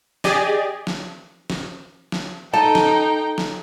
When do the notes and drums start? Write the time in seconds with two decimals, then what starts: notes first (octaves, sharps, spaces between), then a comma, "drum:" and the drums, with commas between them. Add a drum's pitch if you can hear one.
0.24 G4 G#4 D5 D#5 G#5, drum: snare
0.87 drum: snare
1.50 drum: snare
2.12 drum: snare
2.53 D#4 A4 G5 A5
2.75 drum: snare
3.38 drum: snare